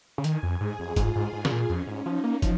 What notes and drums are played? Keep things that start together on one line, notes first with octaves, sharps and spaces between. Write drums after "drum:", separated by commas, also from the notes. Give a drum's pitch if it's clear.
C#3
D#3 G#5, drum: hi-hat
F2
G#2 G#4
F2
G#2 F4, drum: kick, hi-hat
G#2
G#2
C#3, drum: snare
A#2
F2 C#4
G#2
F3 D#4
A#3
F3, drum: kick, hi-hat